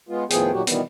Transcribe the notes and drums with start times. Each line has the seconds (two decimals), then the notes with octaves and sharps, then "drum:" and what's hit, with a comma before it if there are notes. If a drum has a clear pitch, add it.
0.09 G#3 B3 F4
0.30 D#2 A2 F3 B3 G#4 G5, drum: hi-hat
0.52 A#2 D#3 F#3 F#4 G4
0.67 B2 D#3 E3 G3 B3, drum: hi-hat